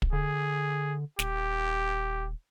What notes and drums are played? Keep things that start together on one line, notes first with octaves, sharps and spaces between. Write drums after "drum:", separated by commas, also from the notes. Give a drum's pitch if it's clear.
drum: kick
D3 G#4
D#1 G4, drum: snare